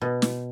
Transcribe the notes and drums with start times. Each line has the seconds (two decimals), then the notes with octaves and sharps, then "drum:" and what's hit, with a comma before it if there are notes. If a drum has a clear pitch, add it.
0.01 B2
0.22 drum: snare